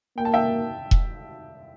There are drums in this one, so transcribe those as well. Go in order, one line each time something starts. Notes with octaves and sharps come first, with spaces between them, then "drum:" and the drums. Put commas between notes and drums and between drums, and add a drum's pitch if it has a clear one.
A#3 G5
A5
E5 G5
drum: kick E1